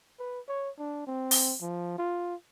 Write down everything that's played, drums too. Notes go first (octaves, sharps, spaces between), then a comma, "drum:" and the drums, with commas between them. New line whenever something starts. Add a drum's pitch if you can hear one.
B4
C#5
D4
C4
drum: open hi-hat
F3
F4